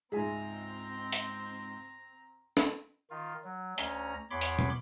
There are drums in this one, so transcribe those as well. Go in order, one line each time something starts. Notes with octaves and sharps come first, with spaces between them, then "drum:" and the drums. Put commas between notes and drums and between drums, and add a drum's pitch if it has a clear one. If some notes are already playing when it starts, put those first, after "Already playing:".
C#2 G#2 C4 G#4 E5 G#5 A#5
drum: hi-hat
drum: snare
D#3 F4
F#3
D2 C#4 A#5, drum: hi-hat
E2 C#5 B5 C6 D6
drum: hi-hat
drum: tom